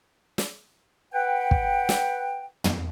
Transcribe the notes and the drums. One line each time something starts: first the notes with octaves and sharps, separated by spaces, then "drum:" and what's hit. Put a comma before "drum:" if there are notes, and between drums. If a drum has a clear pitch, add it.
drum: snare
B4 F#5 G5
drum: kick
drum: snare
drum: tom